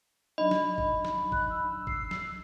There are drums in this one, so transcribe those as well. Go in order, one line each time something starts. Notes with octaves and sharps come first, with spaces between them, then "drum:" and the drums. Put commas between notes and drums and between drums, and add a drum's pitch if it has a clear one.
F#3 D4 D#4 D#5 B5
drum: snare
drum: kick G#1
drum: snare
F#6, drum: kick G#1
E6
C7, drum: kick G#1
drum: snare